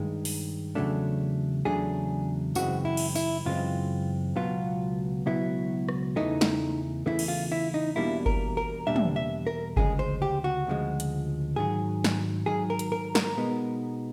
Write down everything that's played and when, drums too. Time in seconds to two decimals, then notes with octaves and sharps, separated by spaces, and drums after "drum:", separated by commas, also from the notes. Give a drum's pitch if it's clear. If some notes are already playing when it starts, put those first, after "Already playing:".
Already playing: G2 D#3 G#3
0.25 drum: open hi-hat
0.75 E2 C#3 F#3 A3 D4
1.65 E2 C#3 F#3 A3 D4 G#4
2.55 F#2 C#3 E3 G#3 C4 F#4, drum: tambourine
2.85 E4
2.97 drum: cymbal
3.15 E4, drum: tambourine
3.45 F#2 C#3 E3 G#3 C4 F4
4.35 C#2 B2 F#3 B3 F4
5.26 C#2 B2 F#3 B3 E4
5.89 drum: rim click
6.16 E2 C#3 E3 A3 D#4
6.41 drum: snare
7.06 E2 C#3 E3 A3 E4
7.19 drum: cymbal
7.28 F4
7.52 E4
7.74 D#4
7.96 E2 B2 G3 A#3 D4 E4
8.26 A#4, drum: kick G1
8.57 A#4
8.87 E2 B2 G3 A#3 D4 E5
8.96 drum: tom
9.16 E5
9.47 A#4
9.76 D2 C#3 F3 G#3 G#4, drum: kick G1
9.99 C5
10.22 G4
10.44 F#4
10.67 D2 C#3 F3 G#3
11.00 drum: hi-hat
11.56 G#2 D#3 F#3 G#4
12.04 drum: snare
12.46 G#2 D#3 F#3 G#4
12.70 A#4
12.79 drum: hi-hat
12.92 A#4
13.15 A#4, drum: snare
13.37 B2 G#3 B3 D#4